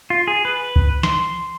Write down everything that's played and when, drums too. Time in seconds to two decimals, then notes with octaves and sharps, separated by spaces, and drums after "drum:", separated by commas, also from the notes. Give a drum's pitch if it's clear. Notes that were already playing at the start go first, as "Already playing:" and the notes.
0.10 F4
0.28 G#4
0.45 B4
0.76 drum: kick
1.03 C6, drum: snare